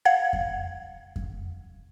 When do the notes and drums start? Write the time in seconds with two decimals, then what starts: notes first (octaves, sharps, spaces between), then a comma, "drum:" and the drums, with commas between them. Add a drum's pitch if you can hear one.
0.05 F5 F#5 G#6
0.33 drum: kick F2
1.16 drum: kick F2